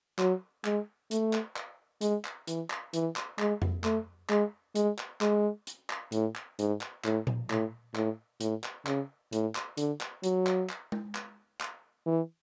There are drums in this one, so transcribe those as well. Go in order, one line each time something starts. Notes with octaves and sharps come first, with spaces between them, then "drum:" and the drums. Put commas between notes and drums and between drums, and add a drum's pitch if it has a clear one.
F#3, drum: clap
G#3, drum: clap
A3, drum: hi-hat
drum: clap
drum: clap
G#3, drum: hi-hat
drum: clap
E3, drum: hi-hat
drum: clap
E3, drum: hi-hat
drum: clap
G#3, drum: clap
drum: tom F2
A3, drum: clap
G#3, drum: clap
G#3, drum: hi-hat
drum: clap
G#3, drum: clap
drum: hi-hat
drum: clap
A2, drum: hi-hat
drum: clap
G#2, drum: hi-hat
drum: clap
A2, drum: clap
drum: tom A#2
A2, drum: clap
A2, drum: clap
A2, drum: hi-hat
drum: clap
C#3, drum: clap
A2, drum: hi-hat
drum: clap
D3, drum: hi-hat
drum: clap
F#3, drum: hi-hat
drum: clap
drum: clap
drum: tom G#3
drum: clap
drum: clap
E3